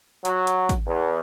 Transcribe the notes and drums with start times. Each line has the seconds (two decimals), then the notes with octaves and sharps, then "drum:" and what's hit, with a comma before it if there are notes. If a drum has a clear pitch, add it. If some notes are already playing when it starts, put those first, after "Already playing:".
0.25 F#3, drum: hi-hat
0.47 drum: hi-hat
0.69 drum: kick, hi-hat
0.87 E2